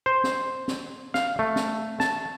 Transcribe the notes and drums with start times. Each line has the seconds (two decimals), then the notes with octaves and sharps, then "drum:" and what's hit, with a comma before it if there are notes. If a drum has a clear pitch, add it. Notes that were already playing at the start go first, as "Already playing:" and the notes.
0.06 C5
0.24 drum: snare
0.68 drum: snare
1.14 F5, drum: snare
1.39 A3
1.56 drum: snare
2.00 A5, drum: snare